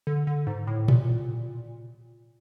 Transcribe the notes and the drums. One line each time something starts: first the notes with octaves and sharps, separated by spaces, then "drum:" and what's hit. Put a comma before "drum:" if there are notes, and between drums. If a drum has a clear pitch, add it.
D3
D3
G#2
A2
A#2, drum: tom A#2